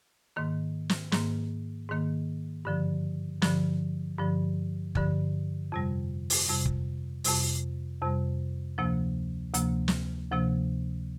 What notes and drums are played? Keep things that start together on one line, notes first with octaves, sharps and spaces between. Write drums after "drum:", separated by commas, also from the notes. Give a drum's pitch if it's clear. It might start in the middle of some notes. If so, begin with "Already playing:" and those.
G#2 D#3 A#3
drum: snare
G#2 D#3 A#3, drum: snare
G#2 D#3 A#3
G2 D3 F3
G2 D3 F3, drum: snare
G2 D3 F3
G2 D3 F3, drum: kick
F2 C3 G3
drum: open hi-hat
F2 C3 G3
drum: kick
F2 C3 G3, drum: open hi-hat
F2 C3 G3
D2 C3 F3 A#3
D2 C3 F3 A#3, drum: hi-hat
drum: snare
D2 C3 F3 A#3